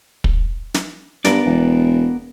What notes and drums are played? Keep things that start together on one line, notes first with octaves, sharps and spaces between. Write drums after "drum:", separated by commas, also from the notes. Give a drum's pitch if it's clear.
drum: kick
drum: snare
G2 B3 A#4 D5, drum: snare
E1